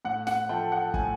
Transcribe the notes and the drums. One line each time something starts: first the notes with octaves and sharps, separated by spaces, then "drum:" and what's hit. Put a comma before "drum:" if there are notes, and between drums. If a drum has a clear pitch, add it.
A2 F#5
F#5, drum: snare
F3 A3 G5
F#5
A2 G#5, drum: kick